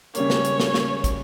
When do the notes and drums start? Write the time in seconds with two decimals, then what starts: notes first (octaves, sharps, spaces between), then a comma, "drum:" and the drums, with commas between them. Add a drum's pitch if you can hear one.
0.15 C#3 G3 A#3 C#5, drum: hi-hat
0.30 drum: snare
0.45 drum: hi-hat
0.60 drum: snare
0.74 drum: snare
1.04 drum: kick, hi-hat